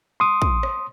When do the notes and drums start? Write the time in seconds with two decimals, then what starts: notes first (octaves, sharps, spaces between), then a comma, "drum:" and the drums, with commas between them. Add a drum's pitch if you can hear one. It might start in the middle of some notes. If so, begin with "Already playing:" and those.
0.20 C6 D#6
0.42 drum: kick
0.63 drum: rim click